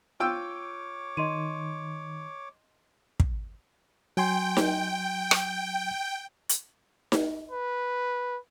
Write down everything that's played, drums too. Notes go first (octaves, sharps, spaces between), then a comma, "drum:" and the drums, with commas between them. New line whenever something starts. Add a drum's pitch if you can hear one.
F4 C#5 G5 D6 E6
D#3 D#5 C6 D#7
drum: kick
F#3 G5 G#5 C6
drum: snare D#4
drum: rim click
drum: hi-hat
drum: snare D#4
B4